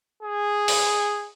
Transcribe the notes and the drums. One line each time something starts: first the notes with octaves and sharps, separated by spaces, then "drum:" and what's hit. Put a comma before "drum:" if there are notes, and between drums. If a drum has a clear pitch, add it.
G#4
drum: open hi-hat